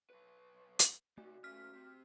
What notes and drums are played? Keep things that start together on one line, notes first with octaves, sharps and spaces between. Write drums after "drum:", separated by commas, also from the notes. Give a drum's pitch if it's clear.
B1 B4
drum: hi-hat
C3 A3 D#4 F#4
A#2 C#4 F6 B6
C3 C4